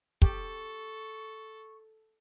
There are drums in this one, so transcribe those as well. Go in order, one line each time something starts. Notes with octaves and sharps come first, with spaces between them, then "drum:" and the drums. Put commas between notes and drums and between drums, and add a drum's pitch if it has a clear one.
G4 A4 C#6, drum: kick